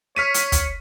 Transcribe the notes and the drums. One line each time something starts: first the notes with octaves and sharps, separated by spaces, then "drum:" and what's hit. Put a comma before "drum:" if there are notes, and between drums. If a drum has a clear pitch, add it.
C#5 F6 B6 D#7
drum: hi-hat
drum: kick, hi-hat